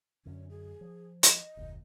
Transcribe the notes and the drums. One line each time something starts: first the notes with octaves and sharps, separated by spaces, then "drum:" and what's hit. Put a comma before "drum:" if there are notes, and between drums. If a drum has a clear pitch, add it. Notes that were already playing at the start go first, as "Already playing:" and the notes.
F#2 D3 C#4
G#4
F3
D#5, drum: hi-hat
F1 D2 A#2